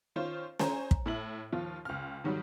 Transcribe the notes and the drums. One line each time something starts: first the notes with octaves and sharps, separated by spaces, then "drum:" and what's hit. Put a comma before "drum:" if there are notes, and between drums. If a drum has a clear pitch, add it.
D#3 C#4 F4 C5
C5 C#5 G#5 A#5, drum: snare
drum: kick
A2 E4 F#7
D#2 F3 F4
C#2 F6
G#2 D#3 F#3 G3